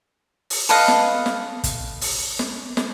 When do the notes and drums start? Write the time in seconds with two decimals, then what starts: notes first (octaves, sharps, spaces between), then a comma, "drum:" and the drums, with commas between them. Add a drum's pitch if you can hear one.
0.50 drum: open hi-hat
0.69 A4 B4 D#5 F5
0.88 drum: snare
1.26 drum: snare
1.64 drum: kick, hi-hat
2.01 drum: open hi-hat
2.39 drum: snare
2.77 drum: snare